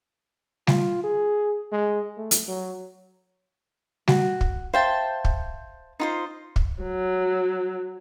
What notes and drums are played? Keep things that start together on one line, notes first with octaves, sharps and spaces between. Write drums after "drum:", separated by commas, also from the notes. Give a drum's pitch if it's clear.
F4, drum: snare G3
G#4
G#3
A3
drum: hi-hat
F#3
F#4, drum: snare G3
drum: kick
C5 E5 F5 G5 A5
drum: kick
D#4 F4 C5
drum: kick
F#3